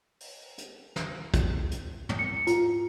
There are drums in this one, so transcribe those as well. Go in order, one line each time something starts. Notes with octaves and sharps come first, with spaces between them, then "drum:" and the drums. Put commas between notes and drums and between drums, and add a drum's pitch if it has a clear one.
drum: open hi-hat
drum: hi-hat
drum: snare
drum: kick, hi-hat
drum: hi-hat
drum: tom
C#7
F4, drum: hi-hat